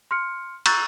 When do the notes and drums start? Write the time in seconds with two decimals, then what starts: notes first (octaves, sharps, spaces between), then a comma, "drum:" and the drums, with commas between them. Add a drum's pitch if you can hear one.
0.11 C6 F6 C#7
0.66 A#5 C#6 E6 F#6 G6 A6, drum: cymbal